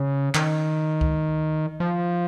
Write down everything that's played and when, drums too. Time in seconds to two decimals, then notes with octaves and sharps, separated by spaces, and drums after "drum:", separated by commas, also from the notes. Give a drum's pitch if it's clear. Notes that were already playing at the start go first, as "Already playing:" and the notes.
Already playing: C#3
0.35 D#3, drum: clap
1.01 drum: kick C#2
1.80 F3